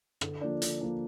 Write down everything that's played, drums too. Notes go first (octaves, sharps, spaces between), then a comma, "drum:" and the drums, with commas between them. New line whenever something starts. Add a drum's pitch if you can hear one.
D3, drum: rim click
F3 A#3 D4
D3, drum: hi-hat
F3 A#3 D4